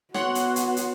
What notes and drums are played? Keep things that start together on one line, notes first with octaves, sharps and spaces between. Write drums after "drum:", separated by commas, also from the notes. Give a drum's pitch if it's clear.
B3 F#4 C#5 F#5 C6, drum: rim click
drum: hi-hat
drum: hi-hat
drum: hi-hat